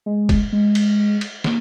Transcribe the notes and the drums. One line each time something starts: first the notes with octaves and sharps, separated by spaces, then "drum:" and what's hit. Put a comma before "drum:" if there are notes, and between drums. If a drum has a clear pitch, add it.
G#3
drum: kick, cymbal
G#3
drum: cymbal
drum: cymbal
A#3, drum: snare